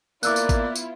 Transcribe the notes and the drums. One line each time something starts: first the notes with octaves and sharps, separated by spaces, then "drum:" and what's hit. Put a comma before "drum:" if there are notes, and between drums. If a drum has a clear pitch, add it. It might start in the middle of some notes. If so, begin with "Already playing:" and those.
A#3 B3 E4 F4 D5 D6 E6 F#6, drum: tambourine
drum: tambourine
drum: kick G#1, tambourine
drum: tambourine